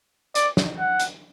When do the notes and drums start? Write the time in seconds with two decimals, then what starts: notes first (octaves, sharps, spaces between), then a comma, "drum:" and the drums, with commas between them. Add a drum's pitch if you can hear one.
0.35 D5, drum: hi-hat
0.57 drum: snare
0.79 F#5
1.00 drum: hi-hat